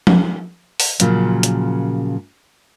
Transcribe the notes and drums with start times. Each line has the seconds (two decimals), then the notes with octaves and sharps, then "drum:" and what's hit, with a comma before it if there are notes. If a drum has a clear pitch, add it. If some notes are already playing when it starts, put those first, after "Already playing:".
0.07 drum: tom F3
0.80 drum: open hi-hat
1.00 A#2 C#3 F3 F#3, drum: hi-hat
1.43 drum: hi-hat